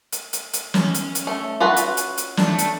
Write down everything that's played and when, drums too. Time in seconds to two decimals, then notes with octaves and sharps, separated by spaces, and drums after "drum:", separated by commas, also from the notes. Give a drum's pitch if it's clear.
0.12 drum: hi-hat
0.33 drum: hi-hat
0.53 drum: hi-hat
0.74 C#4, drum: snare
0.94 drum: hi-hat
1.15 drum: hi-hat
1.27 A3
1.60 F4 F#4 B4
1.76 drum: hi-hat
1.97 drum: hi-hat
2.17 drum: hi-hat
2.37 A3 D4, drum: snare
2.58 drum: hi-hat